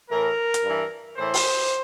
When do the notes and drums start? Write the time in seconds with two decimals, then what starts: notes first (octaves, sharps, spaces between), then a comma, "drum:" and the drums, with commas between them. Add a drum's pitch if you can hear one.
0.10 A2 E3 A#4
0.54 drum: hi-hat
0.63 G2 E3
1.17 A2 E3 C5
1.34 drum: open hi-hat